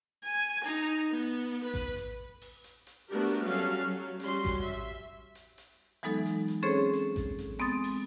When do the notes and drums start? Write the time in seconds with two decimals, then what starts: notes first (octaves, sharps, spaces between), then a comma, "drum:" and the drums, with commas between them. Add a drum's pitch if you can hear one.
0.24 G#5
0.64 D#4
0.83 drum: hi-hat
1.12 B3
1.51 drum: hi-hat
1.64 B4
1.74 drum: kick A1, hi-hat
1.96 drum: hi-hat
2.42 drum: open hi-hat
2.64 drum: hi-hat
2.87 drum: hi-hat
3.10 A3 B3 D4 F#4 G4 A#4
3.32 drum: hi-hat
3.44 F#3 G3 C#4 F#4 A4 F5
3.54 drum: hi-hat
3.85 F#3
4.20 G3 C#4 F#4 C6, drum: hi-hat
4.45 drum: kick A1, hi-hat
4.63 E5
5.35 drum: hi-hat
5.58 drum: hi-hat
6.03 E3 F#3 G#3 B3 D#4 A4, drum: hi-hat
6.26 drum: hi-hat
6.48 drum: hi-hat
6.63 C4 C#4 G#4 A4 C5 C#5
6.93 drum: hi-hat
7.16 drum: kick A1, hi-hat
7.39 drum: hi-hat
7.59 G#3 B3 C4 D#6 A6
7.84 drum: open hi-hat